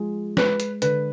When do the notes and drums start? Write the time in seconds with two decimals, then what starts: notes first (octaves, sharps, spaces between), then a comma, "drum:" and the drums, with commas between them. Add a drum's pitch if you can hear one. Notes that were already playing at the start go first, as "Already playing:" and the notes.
Already playing: F3 G#3
0.37 G#3 B4, drum: snare
0.60 drum: hi-hat
0.82 D3 B4, drum: hi-hat